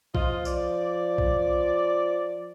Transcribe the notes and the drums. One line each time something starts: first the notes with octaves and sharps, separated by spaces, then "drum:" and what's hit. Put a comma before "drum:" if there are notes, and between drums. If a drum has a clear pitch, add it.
F3 F4 D#5, drum: kick B1
D5, drum: tambourine
drum: kick B1